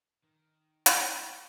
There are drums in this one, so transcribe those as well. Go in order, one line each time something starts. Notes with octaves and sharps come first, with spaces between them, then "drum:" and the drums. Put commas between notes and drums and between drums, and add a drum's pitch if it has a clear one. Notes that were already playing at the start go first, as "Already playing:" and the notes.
D#3
drum: hi-hat